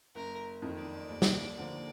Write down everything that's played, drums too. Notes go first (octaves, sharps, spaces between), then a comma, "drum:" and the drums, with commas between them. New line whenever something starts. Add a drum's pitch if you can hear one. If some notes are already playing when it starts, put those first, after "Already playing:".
F#1 A#4
F2 D#3
D5
D#2
drum: snare
D3 F3 A#3